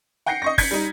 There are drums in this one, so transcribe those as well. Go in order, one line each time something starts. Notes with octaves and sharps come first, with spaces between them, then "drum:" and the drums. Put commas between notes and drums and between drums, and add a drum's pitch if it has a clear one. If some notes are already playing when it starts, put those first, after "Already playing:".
F#5 G5 G6 A#6 C7 C#7
D#5 C#6 A#6
G6 G#6 B6 C#7, drum: kick, open hi-hat
G3 D#4